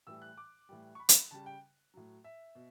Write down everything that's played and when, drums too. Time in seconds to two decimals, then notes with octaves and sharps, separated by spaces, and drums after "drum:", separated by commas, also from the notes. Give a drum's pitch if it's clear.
0.07 A2 E3 G3 E6
0.22 F#6
0.37 D6
0.69 A2 E3 G3
0.95 C#6
0.99 B5
1.09 drum: hi-hat
1.31 C#3 G3 A5
1.46 G5
1.94 A2 F#3
2.24 E5
2.55 B2